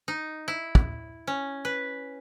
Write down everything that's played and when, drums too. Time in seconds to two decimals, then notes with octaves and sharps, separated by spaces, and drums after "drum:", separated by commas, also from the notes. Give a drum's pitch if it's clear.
0.08 D#4
0.48 E4
0.75 drum: kick
1.27 C#4
1.65 B4